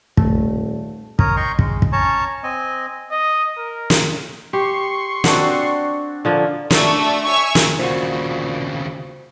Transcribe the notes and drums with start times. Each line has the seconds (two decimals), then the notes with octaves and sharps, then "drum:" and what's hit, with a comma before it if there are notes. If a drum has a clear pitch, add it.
0.17 D#1 A3, drum: kick
1.19 A#4 C#5 A#5 D#6, drum: kick
1.37 D#5 G5 A#5 C6 C#6
1.59 G#3, drum: kick
1.82 drum: kick
1.92 C#4 C#5 A5 A#5 C#6
2.44 C4 D#5 G#5
3.11 D#5
3.57 A#4
3.90 drum: snare
4.53 G4 C6 C#6
5.24 C4 D4 F#4 F#5, drum: snare
6.25 D3 F3 A#3
6.70 A3 D4 F#4 C#6, drum: snare
7.24 C#5 E5 G#5 C#6
7.55 drum: snare
7.79 D#2 A#2 C#3 E3 F4 F#4 C5